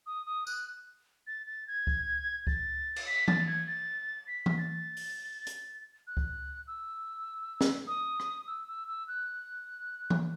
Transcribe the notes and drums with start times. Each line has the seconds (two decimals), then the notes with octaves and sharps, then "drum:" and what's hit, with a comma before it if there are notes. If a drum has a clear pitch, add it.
0.06 D#6
0.26 D#6
0.47 F#6, drum: tambourine
1.27 A6
1.46 A6
1.68 G#6
1.87 drum: kick C#2
2.47 A6, drum: kick C#2
2.96 drum: cymbal
3.07 B6
3.28 A6, drum: tom E3
3.47 G#6
3.67 A6
4.27 B6
4.46 drum: tom E3
4.58 A6
4.97 drum: open hi-hat
5.47 drum: hi-hat
6.07 F#6
6.17 drum: kick C#2
6.67 E6
7.61 drum: snare
7.87 D#6
8.20 drum: rim click
8.47 E6
8.68 E6
8.88 E6
9.08 F#6
10.10 drum: tom E3